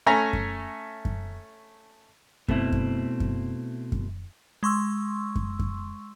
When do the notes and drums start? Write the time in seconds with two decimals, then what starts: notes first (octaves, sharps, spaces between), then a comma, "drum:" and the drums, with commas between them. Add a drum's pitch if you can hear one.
0.06 A3 C#4 G#5 A#5
0.33 drum: kick F#2
1.05 drum: kick F#2
2.48 B2 A3 C4 E4, drum: kick F#2
2.72 drum: kick F#2
3.20 drum: kick F#2
3.92 drum: kick F#2
4.63 G#3 C6 C#6 E6
5.36 drum: kick F#2
5.59 drum: kick F#2